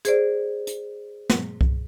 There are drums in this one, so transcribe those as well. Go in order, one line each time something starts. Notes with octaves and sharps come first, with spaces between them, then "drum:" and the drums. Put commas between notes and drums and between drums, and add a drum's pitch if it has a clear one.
G#4 C5 D5, drum: hi-hat
drum: hi-hat
drum: snare
drum: kick C2